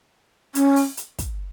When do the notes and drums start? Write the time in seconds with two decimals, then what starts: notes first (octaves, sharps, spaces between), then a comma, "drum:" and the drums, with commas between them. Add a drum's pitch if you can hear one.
0.55 C#4, drum: hi-hat
0.76 drum: open hi-hat
0.97 drum: hi-hat
1.19 drum: kick, hi-hat